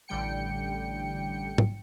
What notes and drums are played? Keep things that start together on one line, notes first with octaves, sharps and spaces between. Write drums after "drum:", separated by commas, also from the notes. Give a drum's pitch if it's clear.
A1 D3 G3 G5 C#7
drum: tom G#2